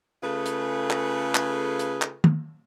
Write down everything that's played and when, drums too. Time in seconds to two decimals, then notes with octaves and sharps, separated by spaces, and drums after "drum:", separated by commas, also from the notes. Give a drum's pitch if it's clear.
0.23 C#3 A3 F4 G#4 A4 B4
0.46 drum: hi-hat
0.90 drum: clap
1.35 drum: clap
1.79 drum: hi-hat
2.02 drum: clap
2.24 drum: tom